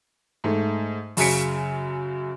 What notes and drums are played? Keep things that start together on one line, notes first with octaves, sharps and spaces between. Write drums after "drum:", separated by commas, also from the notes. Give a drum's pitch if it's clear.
G#2 A3
F#2 C#3 G#5 B6 C#7 D7, drum: open hi-hat